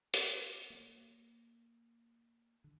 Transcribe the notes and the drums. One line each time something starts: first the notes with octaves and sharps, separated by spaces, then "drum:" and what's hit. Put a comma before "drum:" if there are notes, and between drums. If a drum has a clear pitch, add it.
drum: hi-hat
A#3
D3